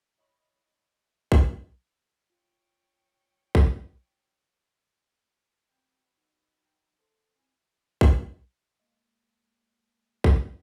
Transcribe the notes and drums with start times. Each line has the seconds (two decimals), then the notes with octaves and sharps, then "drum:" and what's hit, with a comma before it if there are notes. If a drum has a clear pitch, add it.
0.18 E4 C#5 D#5 B5
1.32 drum: kick
2.30 F4 C#5 G5
3.55 drum: kick
5.69 F#3 B3 C4 G5 E6
6.15 D#4
6.66 G5 A#5
6.99 A4 C5
7.36 B3 C4 E4 G#5
8.01 drum: kick
8.80 G#3 A#3
10.24 drum: kick